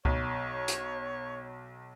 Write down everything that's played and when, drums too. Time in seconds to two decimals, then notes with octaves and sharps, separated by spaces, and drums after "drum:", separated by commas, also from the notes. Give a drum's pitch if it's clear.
0.05 B1 C#5, drum: kick C#2
0.68 drum: hi-hat